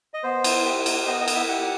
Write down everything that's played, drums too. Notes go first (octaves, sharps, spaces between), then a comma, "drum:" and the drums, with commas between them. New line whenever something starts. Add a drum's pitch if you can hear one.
D#5
B3 C5
E4, drum: cymbal
G4
B3, drum: cymbal
B3 D#5
D#5
E4, drum: cymbal
E5
G4 F#5